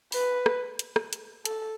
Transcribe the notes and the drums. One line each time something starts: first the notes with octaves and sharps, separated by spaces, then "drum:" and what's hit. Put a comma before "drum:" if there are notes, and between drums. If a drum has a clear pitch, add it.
B4, drum: open hi-hat
drum: rim click
drum: hi-hat
drum: rim click
drum: hi-hat
A4, drum: hi-hat